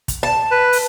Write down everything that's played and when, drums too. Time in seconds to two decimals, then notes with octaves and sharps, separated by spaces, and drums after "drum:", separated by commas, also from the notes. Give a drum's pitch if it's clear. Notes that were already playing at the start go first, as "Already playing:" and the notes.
0.08 drum: kick, hi-hat
0.23 A5
0.51 B4
0.73 drum: open hi-hat